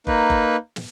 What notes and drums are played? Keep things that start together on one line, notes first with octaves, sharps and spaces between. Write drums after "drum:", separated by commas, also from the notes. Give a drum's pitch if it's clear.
A#3 D#4 B4, drum: kick F#1
drum: kick F#1
drum: snare